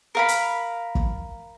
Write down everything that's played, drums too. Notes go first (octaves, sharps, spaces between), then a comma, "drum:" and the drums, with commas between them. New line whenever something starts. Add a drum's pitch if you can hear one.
A#4 F5 B5
drum: hi-hat
drum: kick